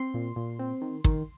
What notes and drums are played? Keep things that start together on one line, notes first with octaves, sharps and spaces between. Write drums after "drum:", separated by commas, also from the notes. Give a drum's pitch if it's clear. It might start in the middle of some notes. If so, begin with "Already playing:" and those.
Already playing: C4 C6
A#2
A#2
C4
D#3
D#3, drum: kick